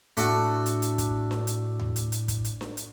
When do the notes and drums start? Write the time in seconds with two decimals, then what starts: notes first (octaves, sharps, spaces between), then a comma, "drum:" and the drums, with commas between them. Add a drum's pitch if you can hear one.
0.17 A2 A3 D4 F#4 F#5, drum: hi-hat
0.66 drum: hi-hat
0.82 drum: hi-hat
0.98 drum: kick, hi-hat
1.31 drum: snare D4
1.47 drum: hi-hat
1.79 drum: tom D#2
1.96 drum: hi-hat
2.12 drum: hi-hat
2.28 drum: kick, hi-hat
2.44 drum: hi-hat
2.61 drum: snare D4
2.77 drum: hi-hat